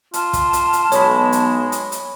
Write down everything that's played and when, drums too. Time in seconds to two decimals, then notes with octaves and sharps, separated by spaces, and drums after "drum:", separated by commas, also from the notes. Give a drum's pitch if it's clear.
0.14 F4 A5, drum: hi-hat
0.33 drum: kick, hi-hat
0.53 drum: hi-hat
0.73 drum: hi-hat
0.92 B1 G#3 C#5 B5, drum: hi-hat
1.32 drum: hi-hat
1.72 drum: hi-hat
1.92 drum: hi-hat